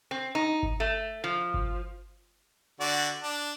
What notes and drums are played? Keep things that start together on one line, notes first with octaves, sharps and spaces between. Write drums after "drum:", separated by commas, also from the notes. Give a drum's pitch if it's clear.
C4
D#4
drum: kick G1
A3
F3
drum: kick G1
D3 F#4 D5
D4